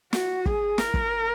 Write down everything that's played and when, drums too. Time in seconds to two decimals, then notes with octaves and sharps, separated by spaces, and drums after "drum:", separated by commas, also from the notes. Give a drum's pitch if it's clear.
0.13 F#4, drum: snare
0.46 G#4, drum: kick
0.78 A#4, drum: snare
0.94 drum: kick